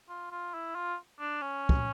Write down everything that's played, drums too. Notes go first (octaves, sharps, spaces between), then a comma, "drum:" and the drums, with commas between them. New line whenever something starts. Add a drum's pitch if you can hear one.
F4
F4
E4
F4
D4
C#4
drum: kick